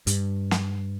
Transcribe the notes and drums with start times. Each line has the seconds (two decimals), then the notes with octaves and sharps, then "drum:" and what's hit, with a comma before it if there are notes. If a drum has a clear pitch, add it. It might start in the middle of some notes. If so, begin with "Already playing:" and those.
0.07 G2, drum: hi-hat
0.51 drum: snare